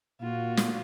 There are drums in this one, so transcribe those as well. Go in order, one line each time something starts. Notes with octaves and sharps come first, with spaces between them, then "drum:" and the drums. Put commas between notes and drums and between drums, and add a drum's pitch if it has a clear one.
A#2 F4 F#4
drum: snare